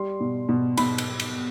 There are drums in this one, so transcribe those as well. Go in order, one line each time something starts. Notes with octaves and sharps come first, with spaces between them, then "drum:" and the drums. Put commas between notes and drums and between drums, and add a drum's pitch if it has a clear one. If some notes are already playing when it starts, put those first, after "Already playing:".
Already playing: G3 C6
B2
B2
B2 B5, drum: cymbal
drum: cymbal
drum: cymbal